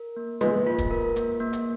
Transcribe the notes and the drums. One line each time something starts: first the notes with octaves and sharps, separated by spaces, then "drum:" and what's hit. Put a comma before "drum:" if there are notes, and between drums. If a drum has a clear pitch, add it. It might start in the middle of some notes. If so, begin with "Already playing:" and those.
Already playing: A#4
A#3
G#3 A#3 B3, drum: hi-hat
F4
drum: kick, hi-hat
A#4
A#3, drum: hi-hat
A#3
drum: hi-hat